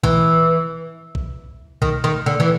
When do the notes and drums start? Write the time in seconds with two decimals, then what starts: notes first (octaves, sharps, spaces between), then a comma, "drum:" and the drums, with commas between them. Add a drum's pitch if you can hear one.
0.03 E3, drum: kick
1.15 drum: kick
1.82 D#3, drum: kick
2.04 D#3
2.26 D3
2.40 E3